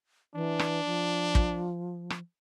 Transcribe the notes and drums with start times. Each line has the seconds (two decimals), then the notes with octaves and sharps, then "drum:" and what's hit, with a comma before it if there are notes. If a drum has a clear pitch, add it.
0.34 E3 D4
0.59 drum: rim click
0.85 F3
1.35 drum: kick
2.10 drum: rim click